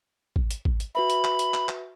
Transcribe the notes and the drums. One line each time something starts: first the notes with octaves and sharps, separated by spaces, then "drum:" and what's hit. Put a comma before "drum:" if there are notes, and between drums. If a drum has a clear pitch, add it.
drum: kick
drum: hi-hat
drum: kick
drum: hi-hat
F#4 B4 E5 B5
drum: hi-hat
drum: clap
drum: hi-hat
drum: clap
drum: clap